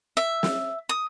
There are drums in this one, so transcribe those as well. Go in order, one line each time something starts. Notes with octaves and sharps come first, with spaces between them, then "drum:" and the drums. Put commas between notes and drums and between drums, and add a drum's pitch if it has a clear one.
E5
drum: snare
D#6